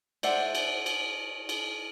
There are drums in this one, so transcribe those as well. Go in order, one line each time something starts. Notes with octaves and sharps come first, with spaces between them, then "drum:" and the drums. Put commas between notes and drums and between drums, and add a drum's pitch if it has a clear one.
C5 D5 E5 F#5, drum: cymbal
drum: cymbal
drum: cymbal
drum: cymbal